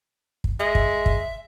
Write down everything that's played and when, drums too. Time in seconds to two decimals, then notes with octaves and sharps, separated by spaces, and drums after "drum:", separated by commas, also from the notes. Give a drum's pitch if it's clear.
0.44 drum: kick
0.59 G#3 E5
0.75 drum: kick
1.06 drum: kick